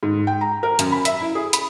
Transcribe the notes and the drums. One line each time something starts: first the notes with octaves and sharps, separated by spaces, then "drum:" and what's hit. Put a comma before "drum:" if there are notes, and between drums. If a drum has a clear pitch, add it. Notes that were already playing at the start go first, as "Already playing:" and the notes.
G#2
G5
A#5
A#4
F#2, drum: hi-hat
B5
E5, drum: hi-hat
E4
G#4
B5, drum: hi-hat